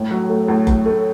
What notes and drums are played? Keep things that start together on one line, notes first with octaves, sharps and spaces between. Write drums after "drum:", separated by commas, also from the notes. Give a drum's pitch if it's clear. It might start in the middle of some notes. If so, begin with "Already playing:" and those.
Already playing: A2
F#3
A3
A2
A2, drum: kick F#1
A3